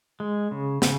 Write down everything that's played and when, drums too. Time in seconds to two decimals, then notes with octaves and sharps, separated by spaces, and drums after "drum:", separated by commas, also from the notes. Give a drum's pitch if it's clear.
0.20 G#3
0.51 C#3
0.82 C#3, drum: snare